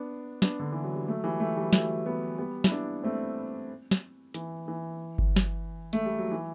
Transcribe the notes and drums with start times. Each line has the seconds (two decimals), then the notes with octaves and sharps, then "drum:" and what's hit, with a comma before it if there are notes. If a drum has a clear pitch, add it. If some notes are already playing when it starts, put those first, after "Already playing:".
Already playing: B3 D4
0.42 B3 D4, drum: snare
0.60 D3
0.72 E3
0.84 F#3
0.95 G3
1.08 F#3 A3
1.24 E3 G3
1.40 F#3 A3
1.57 E3 G3
1.73 F#3 A3, drum: snare
2.06 G3 B3
2.38 G3 B3
2.64 E4, drum: snare
2.71 B3 D4
3.03 A3 C4
3.91 drum: snare
4.34 E3, drum: hi-hat
4.68 E3
5.18 drum: kick G1
5.36 drum: snare
5.93 A3, drum: hi-hat
6.05 G3
6.19 F#3
6.31 E3